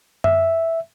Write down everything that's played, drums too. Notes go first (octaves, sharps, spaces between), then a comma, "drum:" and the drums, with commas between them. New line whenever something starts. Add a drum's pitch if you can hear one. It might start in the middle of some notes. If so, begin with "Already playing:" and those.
E5, drum: tom F#2